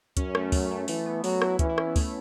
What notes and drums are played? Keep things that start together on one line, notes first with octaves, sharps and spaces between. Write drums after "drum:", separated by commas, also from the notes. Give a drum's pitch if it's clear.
F#2 C#4, drum: kick, hi-hat
A3, drum: rim click
F#3, drum: kick, open hi-hat
A3
E3 A3, drum: open hi-hat
B3
F#3 F#4, drum: open hi-hat
E4, drum: rim click
E3 C#4, drum: kick, hi-hat
E4
C#4, drum: rim click
B3
A3, drum: kick, open hi-hat